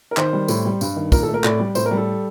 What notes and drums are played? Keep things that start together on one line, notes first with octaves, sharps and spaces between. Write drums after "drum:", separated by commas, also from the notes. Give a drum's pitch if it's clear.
A#4
D#3 C5, drum: clap
G3
A2, drum: tambourine
G3
G2, drum: tambourine
D#3
A#2 A#4, drum: kick, tambourine
A4
A3
A#4
A2 D5, drum: clap
G3
A2 C5, drum: tambourine
A#4
G3
A4